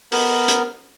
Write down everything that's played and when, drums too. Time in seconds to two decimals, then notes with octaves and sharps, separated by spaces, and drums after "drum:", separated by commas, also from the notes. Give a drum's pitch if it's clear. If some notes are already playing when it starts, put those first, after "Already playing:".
0.12 B3 A#4, drum: open hi-hat
0.48 drum: hi-hat